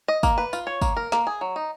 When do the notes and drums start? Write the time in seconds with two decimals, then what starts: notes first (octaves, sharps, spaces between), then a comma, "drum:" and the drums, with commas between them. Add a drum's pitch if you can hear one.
0.08 D#5
0.23 A#3, drum: kick, tambourine
0.38 B4
0.53 F4, drum: tambourine
0.67 C#5
0.82 A#3, drum: kick, tambourine
0.97 A#4
1.12 A#3, drum: snare
1.27 G#4
1.41 F#3
1.56 D#4